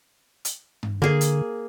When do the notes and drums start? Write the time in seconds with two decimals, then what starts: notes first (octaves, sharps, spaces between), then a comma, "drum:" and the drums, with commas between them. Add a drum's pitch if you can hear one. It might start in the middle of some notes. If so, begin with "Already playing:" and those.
0.45 drum: hi-hat
0.83 drum: tom G2
1.02 D3 A#3 G#4
1.21 drum: hi-hat